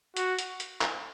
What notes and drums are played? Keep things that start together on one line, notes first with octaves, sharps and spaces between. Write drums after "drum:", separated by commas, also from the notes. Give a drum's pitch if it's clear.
F#4, drum: hi-hat
drum: hi-hat
drum: hi-hat
drum: clap